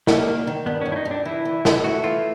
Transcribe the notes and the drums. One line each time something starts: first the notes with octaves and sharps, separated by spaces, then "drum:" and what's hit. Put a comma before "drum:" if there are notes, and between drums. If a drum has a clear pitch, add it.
G3 A#3, drum: snare
D#3
D#3
G2 B3
G2 C#4
E4
D#4
G2
D4
E3 E4
E3
E3, drum: snare
A3 F#4
E3 F4